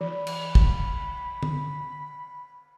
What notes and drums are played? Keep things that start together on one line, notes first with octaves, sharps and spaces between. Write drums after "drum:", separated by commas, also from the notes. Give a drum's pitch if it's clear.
E3 B5
drum: cymbal
drum: kick
drum: tom